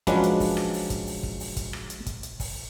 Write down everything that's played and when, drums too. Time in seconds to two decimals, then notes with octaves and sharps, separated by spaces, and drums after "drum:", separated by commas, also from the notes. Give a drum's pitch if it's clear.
0.07 F3 F#3 G#3 C#4 D4 B4, drum: kick, hi-hat
0.24 drum: hi-hat
0.40 drum: kick, open hi-hat
0.57 drum: rim click
0.73 drum: open hi-hat
0.90 drum: kick, hi-hat
1.07 drum: open hi-hat
1.23 drum: kick
1.40 drum: open hi-hat
1.57 drum: kick, hi-hat
1.73 drum: rim click
1.90 drum: hi-hat
2.06 drum: kick, hi-hat
2.23 drum: hi-hat
2.40 drum: kick, open hi-hat